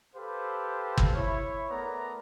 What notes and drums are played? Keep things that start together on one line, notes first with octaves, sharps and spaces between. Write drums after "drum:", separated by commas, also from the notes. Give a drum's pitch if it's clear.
G4 A4 B4 C5 F5
drum: kick
E4 C#5
A3 B3 A#4 D5 A#5